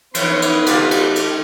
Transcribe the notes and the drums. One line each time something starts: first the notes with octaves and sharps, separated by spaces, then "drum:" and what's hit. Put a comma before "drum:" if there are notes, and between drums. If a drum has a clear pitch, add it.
E3 B3 D4 E4 B4 C#5 C6, drum: cymbal
drum: cymbal
D#3 G#3 A3 F4 G4, drum: cymbal
drum: cymbal
drum: cymbal